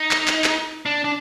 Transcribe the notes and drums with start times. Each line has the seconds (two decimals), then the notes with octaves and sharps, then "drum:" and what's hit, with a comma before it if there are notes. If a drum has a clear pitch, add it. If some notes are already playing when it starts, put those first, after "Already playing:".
Already playing: D#4
0.11 drum: clap
0.28 drum: clap
0.44 drum: clap
0.86 D4
1.05 D4